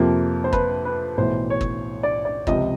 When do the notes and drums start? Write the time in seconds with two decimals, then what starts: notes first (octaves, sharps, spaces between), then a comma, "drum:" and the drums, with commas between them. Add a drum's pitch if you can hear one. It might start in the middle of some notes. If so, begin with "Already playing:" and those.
Already playing: F2 C3 F3 A#3
0.44 C5
0.53 B4, drum: kick
0.85 B4
1.17 B1 A2 E3 C5
1.50 C#5
1.61 drum: kick
2.03 D5
2.25 D5
2.47 C#2 C3 F3 D#5, drum: kick